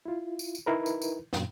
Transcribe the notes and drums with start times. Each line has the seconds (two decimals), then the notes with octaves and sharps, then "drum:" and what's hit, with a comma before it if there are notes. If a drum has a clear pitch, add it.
0.06 E4 F4
0.39 drum: tambourine
0.55 drum: tambourine
0.66 D#4 E4 A#4 B4
0.86 drum: tambourine
1.02 drum: tambourine
1.33 F#2 A#2, drum: snare